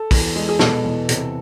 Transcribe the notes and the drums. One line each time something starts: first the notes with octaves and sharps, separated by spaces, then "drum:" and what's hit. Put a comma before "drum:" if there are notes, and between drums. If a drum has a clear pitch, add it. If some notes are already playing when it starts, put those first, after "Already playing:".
Already playing: A4
E2, drum: kick, open hi-hat
G#3
G#4
B2 A4, drum: snare
E2
C3, drum: hi-hat